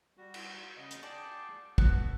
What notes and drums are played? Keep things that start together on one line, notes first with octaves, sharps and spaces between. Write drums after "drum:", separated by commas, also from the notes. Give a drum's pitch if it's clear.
G3 F#4
drum: cymbal
C#3 D#5
drum: hi-hat
G#4 D5 G5 A5
B3 F#4 A4, drum: kick